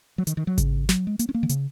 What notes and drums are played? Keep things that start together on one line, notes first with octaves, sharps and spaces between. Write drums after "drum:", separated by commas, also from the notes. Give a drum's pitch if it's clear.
F#3
D#3, drum: hi-hat
D#3
F#3
C#3, drum: kick G#1, hi-hat
F#3, drum: snare
G#3
A#3, drum: hi-hat
C#4
A#3
D#3
C#3, drum: hi-hat